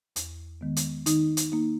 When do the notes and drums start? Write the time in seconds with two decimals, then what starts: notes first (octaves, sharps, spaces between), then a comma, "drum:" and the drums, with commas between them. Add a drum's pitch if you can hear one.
0.16 E2, drum: hi-hat
0.61 D#3 G#3 B3
0.76 drum: hi-hat
1.06 D#3 D#4, drum: hi-hat
1.37 drum: hi-hat
1.52 A#3 D#4